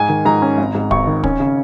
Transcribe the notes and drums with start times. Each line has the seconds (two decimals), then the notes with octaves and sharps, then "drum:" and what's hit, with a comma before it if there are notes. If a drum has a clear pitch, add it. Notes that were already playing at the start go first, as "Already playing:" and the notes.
Already playing: G#2 G#5
0.09 D#3
0.25 G#2 A#5
0.42 C#4
0.58 G#1
0.75 G#2
0.91 G#1 C#6, drum: kick
1.07 D#3
1.24 C#4, drum: kick
1.40 C#3